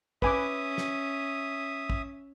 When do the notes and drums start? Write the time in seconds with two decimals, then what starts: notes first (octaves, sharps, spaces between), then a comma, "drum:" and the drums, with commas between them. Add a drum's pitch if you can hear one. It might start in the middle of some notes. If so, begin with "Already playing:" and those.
0.22 C#4 B4 E5 G#5 D6 D#6, drum: kick
0.78 drum: snare
1.90 drum: kick